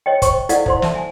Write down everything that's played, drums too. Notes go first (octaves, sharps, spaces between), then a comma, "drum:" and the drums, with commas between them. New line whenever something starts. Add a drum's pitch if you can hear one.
C#5 D#5 G5
C5 C#6, drum: kick, hi-hat
E4 A4 D5 D#5 F5 F#5, drum: hi-hat
E4 C5 C6, drum: kick
E5 A5, drum: snare
G#5